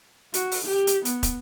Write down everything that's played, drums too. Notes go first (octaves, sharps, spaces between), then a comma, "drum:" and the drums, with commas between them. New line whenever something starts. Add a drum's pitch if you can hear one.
F#4, drum: hi-hat
drum: open hi-hat
G4
drum: hi-hat
B3, drum: hi-hat
drum: kick, hi-hat